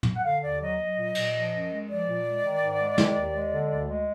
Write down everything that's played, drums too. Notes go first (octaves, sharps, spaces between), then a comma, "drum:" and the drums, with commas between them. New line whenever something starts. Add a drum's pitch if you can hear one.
drum: tom
F#5
D3 F5
D#2 D5
F#3 D#5
F#3
A#2
A#2, drum: cymbal
F3
F#2
G#3
F3 D5
A#2
G#3
D#3
G#2
G#3
D#3, drum: snare
D#2
G#3
D3
D2
G#3